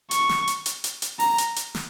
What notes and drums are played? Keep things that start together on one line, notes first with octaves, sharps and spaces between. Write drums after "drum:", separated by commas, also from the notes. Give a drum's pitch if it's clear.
C#6, drum: hi-hat
drum: snare
drum: hi-hat
drum: hi-hat
drum: hi-hat
drum: hi-hat
A#5, drum: open hi-hat
drum: hi-hat
drum: hi-hat
drum: snare